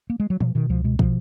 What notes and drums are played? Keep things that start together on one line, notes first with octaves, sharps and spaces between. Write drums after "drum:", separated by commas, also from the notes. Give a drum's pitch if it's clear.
A#3
G#3
F#3
B2 F3, drum: tom
B2 D#3
C#2 F3
B2 G#3
B2 F3, drum: kick